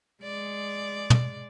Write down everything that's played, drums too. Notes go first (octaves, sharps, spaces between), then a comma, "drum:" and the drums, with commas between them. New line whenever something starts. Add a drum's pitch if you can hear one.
G#3 D5
drum: tom